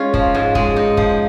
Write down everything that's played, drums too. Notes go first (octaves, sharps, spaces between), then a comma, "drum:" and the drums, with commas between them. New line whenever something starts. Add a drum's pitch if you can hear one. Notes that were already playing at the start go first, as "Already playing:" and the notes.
Already playing: G#3 C#4 F4
F3, drum: kick
G#2
G#3, drum: kick
D#4
F3, drum: kick